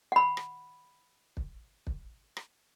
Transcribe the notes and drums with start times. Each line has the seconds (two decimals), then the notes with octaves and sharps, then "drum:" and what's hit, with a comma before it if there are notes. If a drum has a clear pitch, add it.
0.12 F#5 B5
0.37 drum: rim click
1.37 drum: kick
1.87 drum: kick
2.37 drum: rim click